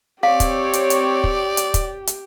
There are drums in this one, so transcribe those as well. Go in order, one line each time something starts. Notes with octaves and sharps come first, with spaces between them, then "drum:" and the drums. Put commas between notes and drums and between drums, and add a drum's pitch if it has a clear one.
C4 G4 C#5 D5 F5
drum: kick, hi-hat
drum: hi-hat
drum: hi-hat
drum: kick
drum: hi-hat
drum: kick, hi-hat
drum: hi-hat